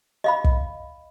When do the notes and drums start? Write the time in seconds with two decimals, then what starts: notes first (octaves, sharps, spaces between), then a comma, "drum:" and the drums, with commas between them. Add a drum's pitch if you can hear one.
0.24 D#5 F5 B5
0.44 drum: kick